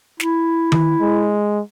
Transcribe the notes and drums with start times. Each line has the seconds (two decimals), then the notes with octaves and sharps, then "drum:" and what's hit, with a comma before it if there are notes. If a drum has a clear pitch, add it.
0.20 E4, drum: snare
0.72 drum: tom D#3
1.01 G#3